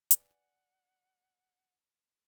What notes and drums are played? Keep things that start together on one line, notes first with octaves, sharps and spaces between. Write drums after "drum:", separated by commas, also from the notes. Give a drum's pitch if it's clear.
B4 D5 F#5 G#5, drum: hi-hat